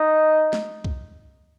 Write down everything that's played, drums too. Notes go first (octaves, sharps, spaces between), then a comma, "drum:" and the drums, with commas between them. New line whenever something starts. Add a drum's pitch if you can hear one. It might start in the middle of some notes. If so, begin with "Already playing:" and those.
Already playing: D#4 D#5
drum: snare
drum: kick